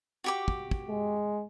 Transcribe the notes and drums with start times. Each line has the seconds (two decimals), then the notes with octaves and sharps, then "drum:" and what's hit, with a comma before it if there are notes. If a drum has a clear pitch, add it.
0.24 F#4 G4 D6
0.48 drum: kick
0.71 drum: kick
0.88 G#3